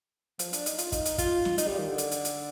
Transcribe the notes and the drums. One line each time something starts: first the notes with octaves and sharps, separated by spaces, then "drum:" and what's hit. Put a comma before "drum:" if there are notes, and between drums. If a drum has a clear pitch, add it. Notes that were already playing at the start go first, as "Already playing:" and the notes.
F3, drum: hi-hat
D4, drum: hi-hat
D#4, drum: hi-hat
F4, drum: hi-hat
D#4, drum: kick, hi-hat
drum: hi-hat
F4, drum: kick, hi-hat
drum: snare
D#4, drum: hi-hat
G3
D#3
D3
drum: hi-hat
drum: hi-hat
drum: hi-hat